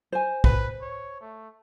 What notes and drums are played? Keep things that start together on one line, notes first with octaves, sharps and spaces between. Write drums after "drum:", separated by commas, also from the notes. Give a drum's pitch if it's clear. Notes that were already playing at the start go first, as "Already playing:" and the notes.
C5 G#5
B4, drum: kick
C#5
A3